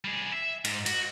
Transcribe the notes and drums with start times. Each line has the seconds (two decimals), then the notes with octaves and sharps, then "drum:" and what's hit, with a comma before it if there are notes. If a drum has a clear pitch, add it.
0.04 G3 G#4
0.32 E5
0.65 G#2, drum: cymbal
0.86 F#4, drum: cymbal